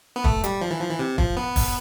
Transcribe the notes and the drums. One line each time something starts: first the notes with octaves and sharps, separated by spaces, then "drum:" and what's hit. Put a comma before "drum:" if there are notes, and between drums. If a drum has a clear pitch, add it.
B3
A3, drum: kick
G3, drum: hi-hat
F3
E3
F3
E3
C3
F3, drum: kick
B3
drum: kick, open hi-hat